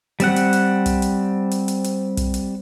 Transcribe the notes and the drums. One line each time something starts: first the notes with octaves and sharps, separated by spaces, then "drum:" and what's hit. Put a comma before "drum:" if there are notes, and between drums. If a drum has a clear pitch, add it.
G3 C4 F#5, drum: hi-hat
drum: hi-hat
drum: hi-hat
drum: kick, hi-hat
drum: hi-hat
drum: hi-hat
drum: hi-hat
drum: hi-hat
drum: kick, hi-hat
drum: hi-hat